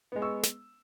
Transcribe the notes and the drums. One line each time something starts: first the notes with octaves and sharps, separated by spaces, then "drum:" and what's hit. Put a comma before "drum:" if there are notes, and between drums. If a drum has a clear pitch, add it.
G#3 B3
C#6 E6
drum: snare